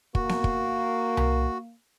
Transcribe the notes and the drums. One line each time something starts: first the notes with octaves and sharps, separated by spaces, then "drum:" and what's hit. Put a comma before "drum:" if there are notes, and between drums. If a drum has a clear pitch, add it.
A#3 F#4, drum: kick
drum: snare B3
drum: kick
drum: tom C2